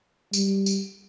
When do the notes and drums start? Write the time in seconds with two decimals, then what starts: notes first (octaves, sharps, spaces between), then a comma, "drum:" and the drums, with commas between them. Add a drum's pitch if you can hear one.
0.33 G3, drum: tambourine
0.66 drum: tambourine